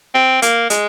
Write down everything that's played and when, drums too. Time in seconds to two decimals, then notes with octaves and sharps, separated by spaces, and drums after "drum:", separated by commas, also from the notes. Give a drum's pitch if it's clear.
0.15 C4
0.42 A#3, drum: hi-hat
0.70 G#3, drum: hi-hat